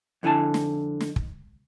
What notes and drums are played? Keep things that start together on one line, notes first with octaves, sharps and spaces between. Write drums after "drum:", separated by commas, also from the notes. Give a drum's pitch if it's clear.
F2 D3 E4 G#5 A5
drum: snare
drum: snare
drum: kick